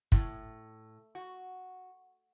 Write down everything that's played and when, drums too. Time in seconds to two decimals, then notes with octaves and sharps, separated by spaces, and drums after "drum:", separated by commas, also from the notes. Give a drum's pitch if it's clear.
0.12 A2, drum: kick
1.15 F#4